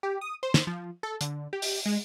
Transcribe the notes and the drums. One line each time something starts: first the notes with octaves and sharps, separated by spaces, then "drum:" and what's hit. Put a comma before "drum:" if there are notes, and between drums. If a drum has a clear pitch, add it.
G4
D#6
C5
drum: snare
F3
A4
D3, drum: hi-hat
G4
drum: open hi-hat
G#3